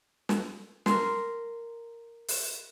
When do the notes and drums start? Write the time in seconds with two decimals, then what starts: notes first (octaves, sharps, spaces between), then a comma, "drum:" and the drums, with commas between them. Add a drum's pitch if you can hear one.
0.29 drum: snare
0.86 A#4 C6, drum: snare
2.28 drum: open hi-hat